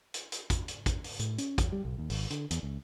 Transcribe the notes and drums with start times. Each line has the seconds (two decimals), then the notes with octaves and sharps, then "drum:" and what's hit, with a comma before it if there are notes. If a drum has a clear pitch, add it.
0.14 drum: hi-hat
0.32 drum: hi-hat
0.50 drum: kick, hi-hat
0.68 drum: hi-hat
0.86 drum: kick, hi-hat
1.04 drum: open hi-hat
1.19 A2, drum: hi-hat
1.38 C#4, drum: hi-hat
1.58 E2, drum: kick, hi-hat
1.72 G3
1.85 B1
1.98 D#2
2.10 G#1, drum: open hi-hat
2.30 D3, drum: hi-hat
2.51 E2, drum: hi-hat
2.63 C#2